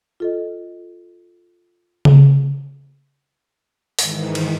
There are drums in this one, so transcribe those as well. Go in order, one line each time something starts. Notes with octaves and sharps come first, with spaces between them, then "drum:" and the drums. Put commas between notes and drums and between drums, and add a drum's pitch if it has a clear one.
F4 A4 D#5
drum: tom C#3
G#2 D#3 E3, drum: open hi-hat
drum: cymbal